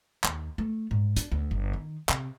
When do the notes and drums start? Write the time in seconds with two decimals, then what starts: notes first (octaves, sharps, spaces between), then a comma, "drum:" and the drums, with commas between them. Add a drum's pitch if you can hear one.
0.24 D#2, drum: clap
0.58 A3
0.91 G#2
1.16 D4, drum: hi-hat
1.32 D2
1.51 G1
1.73 D#3
2.09 C3, drum: clap